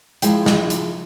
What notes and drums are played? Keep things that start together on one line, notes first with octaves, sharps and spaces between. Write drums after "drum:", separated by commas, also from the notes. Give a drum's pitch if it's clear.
F3 G#3 E4 E5 G5, drum: hi-hat
drum: snare
drum: hi-hat